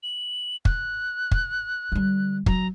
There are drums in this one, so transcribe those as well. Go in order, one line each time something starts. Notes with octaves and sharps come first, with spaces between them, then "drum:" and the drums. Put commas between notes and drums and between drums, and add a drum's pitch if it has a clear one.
F#7
F#6, drum: kick
drum: kick
D3 G3
F#3 A#5, drum: kick